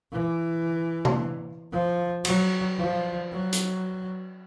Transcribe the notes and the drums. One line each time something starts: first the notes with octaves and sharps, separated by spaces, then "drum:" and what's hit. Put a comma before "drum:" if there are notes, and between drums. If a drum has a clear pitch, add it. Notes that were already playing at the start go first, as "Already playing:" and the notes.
E3
drum: tom C3
F3
F#3, drum: cymbal
F3
F#3
drum: hi-hat